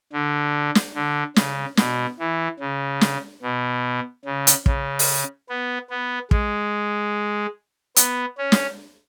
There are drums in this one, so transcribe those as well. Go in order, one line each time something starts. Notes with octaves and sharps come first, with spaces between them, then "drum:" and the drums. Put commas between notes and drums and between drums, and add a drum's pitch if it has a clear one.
D3
drum: snare
D3
C#3, drum: snare
B2, drum: snare
E3
C#3
drum: snare
B2
C#3
drum: hi-hat
C#3, drum: kick
drum: open hi-hat
B3
B3
G#3, drum: kick
B3, drum: hi-hat
C#4
drum: snare